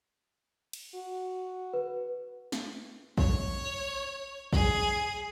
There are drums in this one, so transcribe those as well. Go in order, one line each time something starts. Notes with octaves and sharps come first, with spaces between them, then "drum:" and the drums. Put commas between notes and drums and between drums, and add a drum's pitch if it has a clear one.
drum: cymbal
F#4
B4
drum: snare
C#5, drum: kick A#1
G#4, drum: kick A#1